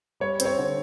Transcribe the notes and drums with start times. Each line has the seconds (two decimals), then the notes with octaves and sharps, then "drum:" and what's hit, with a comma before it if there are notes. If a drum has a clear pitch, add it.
0.20 G3 C#5
0.40 C4, drum: hi-hat
0.45 C#5
0.58 D3